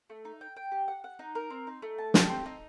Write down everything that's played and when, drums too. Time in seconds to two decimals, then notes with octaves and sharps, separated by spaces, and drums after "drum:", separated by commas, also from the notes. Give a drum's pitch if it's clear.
0.10 A3
0.25 D#4
0.41 G5
0.56 G5
0.72 G4
0.88 F#5
1.04 F#5
1.19 D#4
1.35 A#4
1.50 C4
1.67 D#4
1.82 A3
1.98 A5
2.14 G4, drum: snare
2.29 C4
2.46 D#4